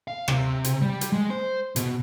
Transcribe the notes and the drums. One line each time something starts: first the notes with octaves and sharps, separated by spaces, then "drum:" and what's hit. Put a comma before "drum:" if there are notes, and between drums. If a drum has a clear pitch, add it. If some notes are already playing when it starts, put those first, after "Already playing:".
F5
C3, drum: rim click
drum: hi-hat
G3
drum: hi-hat
G#3
C5
B2, drum: hi-hat